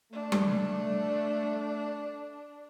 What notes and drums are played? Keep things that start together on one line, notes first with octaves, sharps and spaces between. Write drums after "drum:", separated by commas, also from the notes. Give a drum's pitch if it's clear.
A3 D4
drum: tom G3